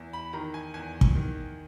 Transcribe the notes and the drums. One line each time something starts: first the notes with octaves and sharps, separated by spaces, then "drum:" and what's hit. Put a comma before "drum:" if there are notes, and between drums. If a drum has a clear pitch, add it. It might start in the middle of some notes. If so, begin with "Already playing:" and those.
Already playing: E2
B5
D#3 A#5
G#5
E2 G#5
drum: kick
D#3